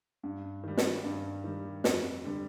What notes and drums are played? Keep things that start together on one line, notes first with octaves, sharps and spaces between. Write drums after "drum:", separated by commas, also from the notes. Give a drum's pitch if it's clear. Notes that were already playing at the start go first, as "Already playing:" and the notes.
G2
D#3 G3
drum: snare
G2
D#3 G3
F2, drum: snare
D3 G3